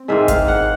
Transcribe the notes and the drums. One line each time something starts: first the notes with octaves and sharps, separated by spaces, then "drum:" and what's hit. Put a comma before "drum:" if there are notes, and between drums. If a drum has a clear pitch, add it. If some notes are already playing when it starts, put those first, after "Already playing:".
Already playing: C4
G#2 D#3 G#3 E5
F5, drum: kick, hi-hat
F#5